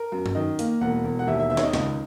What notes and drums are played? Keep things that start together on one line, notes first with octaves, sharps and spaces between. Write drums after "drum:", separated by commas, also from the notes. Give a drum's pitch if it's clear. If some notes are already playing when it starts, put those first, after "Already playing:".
Already playing: A#4
F#2
drum: tom G2
D#3 D#5
A#3, drum: hi-hat
E1 F#5
E1
F#5
D#2 E5
E5
D#3 E5
C#5, drum: snare
D#5
C#2 D#5, drum: snare